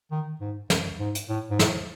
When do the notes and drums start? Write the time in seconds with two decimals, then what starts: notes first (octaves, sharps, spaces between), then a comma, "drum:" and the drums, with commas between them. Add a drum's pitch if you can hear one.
0.11 D#3
0.41 G#2
0.70 F#2, drum: snare
0.99 G#2
1.15 drum: hi-hat
1.29 A2
1.50 G#2
1.59 A2, drum: snare